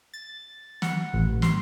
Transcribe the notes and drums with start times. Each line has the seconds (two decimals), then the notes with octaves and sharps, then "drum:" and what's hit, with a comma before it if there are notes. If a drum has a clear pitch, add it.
0.14 A6
0.82 F#5, drum: snare
1.13 A1
1.42 C6, drum: snare